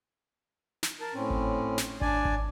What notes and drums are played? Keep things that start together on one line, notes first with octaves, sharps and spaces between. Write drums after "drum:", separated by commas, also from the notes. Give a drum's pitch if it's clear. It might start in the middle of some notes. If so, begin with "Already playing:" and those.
drum: snare
A#4 A5
A2 C4 C#4
drum: kick G#1
drum: snare
D4 D5 G#5, drum: kick G#1
drum: kick G#1